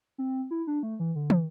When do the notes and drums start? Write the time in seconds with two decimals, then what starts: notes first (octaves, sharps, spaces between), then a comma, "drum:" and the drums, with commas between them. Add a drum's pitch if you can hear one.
0.18 C4
0.51 E4
0.67 D4
0.83 A3
1.00 E3
1.16 D3
1.30 drum: tom